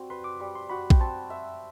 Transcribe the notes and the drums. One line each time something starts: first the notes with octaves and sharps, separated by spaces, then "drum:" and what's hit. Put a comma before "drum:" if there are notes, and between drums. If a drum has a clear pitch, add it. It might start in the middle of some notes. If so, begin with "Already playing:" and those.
Already playing: G3 C4 F#4
B4 C6
D6
G3
C6
F#4 B5
G5, drum: kick A#1
C4 A5
E5